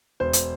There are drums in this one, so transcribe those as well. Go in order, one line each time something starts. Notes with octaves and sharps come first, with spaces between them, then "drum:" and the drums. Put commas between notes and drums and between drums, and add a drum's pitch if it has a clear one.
E1 C5
drum: hi-hat